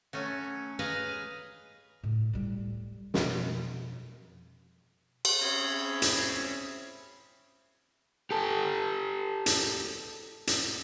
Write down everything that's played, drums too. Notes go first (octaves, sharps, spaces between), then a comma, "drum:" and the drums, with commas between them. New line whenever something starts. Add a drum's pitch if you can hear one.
F#3 A3 C#4
G#4 B4 D#5 F5 A#5
A2
A2 G3
F2 B2, drum: snare
drum: cymbal
C4 C#4 G#4 C#5 E5 B5
drum: hi-hat
G4 A4
drum: hi-hat
drum: hi-hat